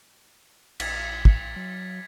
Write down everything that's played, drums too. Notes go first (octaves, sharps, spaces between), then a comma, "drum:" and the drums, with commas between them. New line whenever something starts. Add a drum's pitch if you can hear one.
A#1 G#6 A6 B6, drum: cymbal
drum: kick
F#3